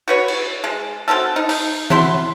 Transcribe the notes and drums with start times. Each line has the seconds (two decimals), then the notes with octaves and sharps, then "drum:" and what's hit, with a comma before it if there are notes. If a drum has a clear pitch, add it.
0.08 F#4 B4 C#5
0.28 drum: cymbal
0.64 G#3
1.08 F#3 C4 D#4 A4
1.36 D#4
1.49 D#4, drum: open hi-hat
1.90 F#3 E4 B5 C6, drum: tom E3